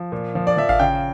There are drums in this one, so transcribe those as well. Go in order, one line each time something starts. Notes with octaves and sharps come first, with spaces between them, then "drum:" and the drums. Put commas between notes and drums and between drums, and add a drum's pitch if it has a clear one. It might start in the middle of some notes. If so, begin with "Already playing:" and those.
Already playing: F3
A#2
F3
D5
F3 E5
F5, drum: kick G#1
C#3 G5